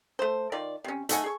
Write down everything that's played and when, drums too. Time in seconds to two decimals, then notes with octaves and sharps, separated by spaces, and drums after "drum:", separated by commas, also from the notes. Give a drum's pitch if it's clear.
0.19 A3 C5
0.52 D#3 F4 D5
0.84 C3 C#4
1.09 A3 D#4 F#5 G#5, drum: hi-hat
1.24 G#4 C#6